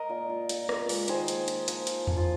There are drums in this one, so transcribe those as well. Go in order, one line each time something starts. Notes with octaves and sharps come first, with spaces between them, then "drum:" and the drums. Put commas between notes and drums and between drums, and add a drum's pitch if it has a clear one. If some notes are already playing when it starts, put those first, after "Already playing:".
Already playing: A#4 D#5
A#2
F4
A#2, drum: hi-hat
F4, drum: rim click
G#3, drum: open hi-hat
D#3 G#4 C5, drum: hi-hat
A#3, drum: hi-hat
F4, drum: hi-hat
F3, drum: hi-hat
F4, drum: hi-hat
F3, drum: tom E2
F4